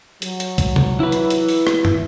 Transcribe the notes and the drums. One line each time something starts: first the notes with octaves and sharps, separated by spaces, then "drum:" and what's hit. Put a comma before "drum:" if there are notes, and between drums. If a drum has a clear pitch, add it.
F#3, drum: hi-hat
drum: hi-hat
drum: kick, hi-hat
drum: tom C3
E4 B4
drum: hi-hat
drum: hi-hat
drum: open hi-hat
drum: rim click
drum: tom